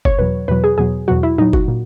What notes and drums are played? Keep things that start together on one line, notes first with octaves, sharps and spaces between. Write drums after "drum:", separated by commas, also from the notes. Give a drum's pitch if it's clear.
C#5, drum: kick F#1
E2 B2 F#3 B4
E2 B2 F#3 B4
G#4
E2 B2 F#3 G#4
E2 B2 F#3 F#4
E4
A#2 F#3 D#4
F#4, drum: kick F#1
A#2